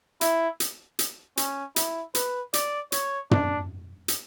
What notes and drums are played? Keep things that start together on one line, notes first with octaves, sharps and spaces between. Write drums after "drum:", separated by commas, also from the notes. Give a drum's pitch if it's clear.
E4, drum: hi-hat
drum: hi-hat
drum: hi-hat
C#4, drum: hi-hat
E4, drum: hi-hat
B4, drum: hi-hat
D5, drum: hi-hat
C#5, drum: hi-hat
D4, drum: tom
drum: hi-hat